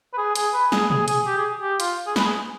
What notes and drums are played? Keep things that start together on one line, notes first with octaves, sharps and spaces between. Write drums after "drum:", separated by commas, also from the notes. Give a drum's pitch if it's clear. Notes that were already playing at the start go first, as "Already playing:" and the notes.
B4
G#4
G#4, drum: hi-hat
B4
G#4, drum: snare
G#4, drum: tom B2
G#4, drum: hi-hat
G4
G#4
G4
F4, drum: hi-hat
G#4
B4, drum: snare
G#4